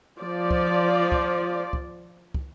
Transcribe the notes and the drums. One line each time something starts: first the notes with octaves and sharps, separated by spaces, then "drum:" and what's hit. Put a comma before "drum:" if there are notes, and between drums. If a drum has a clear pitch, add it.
F3 D5
drum: kick
drum: kick
drum: kick
drum: kick